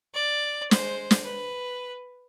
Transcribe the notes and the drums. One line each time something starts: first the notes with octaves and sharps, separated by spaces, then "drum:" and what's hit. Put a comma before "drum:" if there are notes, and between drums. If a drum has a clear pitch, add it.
D5
G#3 C5, drum: snare
drum: snare
B4